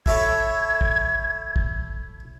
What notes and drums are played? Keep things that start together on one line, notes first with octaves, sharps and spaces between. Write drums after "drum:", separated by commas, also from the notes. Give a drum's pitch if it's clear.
E4 A4 C#5 G#6, drum: kick
drum: kick
drum: kick